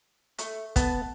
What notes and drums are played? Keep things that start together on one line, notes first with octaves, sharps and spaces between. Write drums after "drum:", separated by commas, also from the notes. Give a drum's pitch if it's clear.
A3, drum: hi-hat
B3 A5, drum: kick, hi-hat